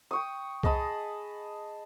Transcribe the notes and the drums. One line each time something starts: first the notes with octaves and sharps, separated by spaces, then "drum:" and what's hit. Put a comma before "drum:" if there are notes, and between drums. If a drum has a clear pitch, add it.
G5 C#6 D#6
G#4 D#5 A5 B5, drum: kick C2